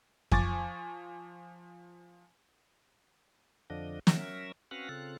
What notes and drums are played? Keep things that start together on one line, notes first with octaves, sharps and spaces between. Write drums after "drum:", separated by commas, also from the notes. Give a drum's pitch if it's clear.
F3 G#5 C#6 D6 A6, drum: kick F2
F2 D3 F3 D4 D#5
F#3 C#4 A#4 E5, drum: snare
C4 C#4 F#4 B4 F5 F#5
C#3 C4 F4 A4 F#6